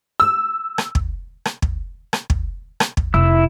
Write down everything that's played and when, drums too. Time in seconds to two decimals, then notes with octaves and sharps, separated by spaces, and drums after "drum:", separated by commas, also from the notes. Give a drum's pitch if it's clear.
0.20 E6
0.78 drum: rim click
0.95 drum: kick
1.45 drum: rim click
1.62 drum: kick
2.13 drum: rim click
2.30 drum: kick
2.80 drum: rim click
2.97 drum: kick
3.14 F1 E4 E6